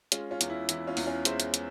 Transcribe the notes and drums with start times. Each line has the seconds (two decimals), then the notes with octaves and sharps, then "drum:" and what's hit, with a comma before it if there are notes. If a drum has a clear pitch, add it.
0.12 G#3 C#4 F4, drum: hi-hat
0.31 C#4 F4
0.41 E2, drum: hi-hat
0.50 E4
0.69 E3 E4, drum: hi-hat
0.87 C#4 F4
0.97 E2, drum: open hi-hat
1.07 C#4 F4
1.25 G#3 C5 E5, drum: hi-hat
1.40 drum: hi-hat
1.54 drum: hi-hat